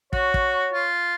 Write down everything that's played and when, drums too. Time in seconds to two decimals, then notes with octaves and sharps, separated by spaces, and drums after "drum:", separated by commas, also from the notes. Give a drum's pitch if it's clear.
0.13 F#4 C#5, drum: kick
0.34 drum: kick
0.73 F4